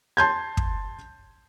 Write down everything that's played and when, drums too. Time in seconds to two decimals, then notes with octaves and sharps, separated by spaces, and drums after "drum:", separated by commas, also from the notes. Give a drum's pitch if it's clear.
0.17 A5 C6 G6 G#6
0.57 drum: kick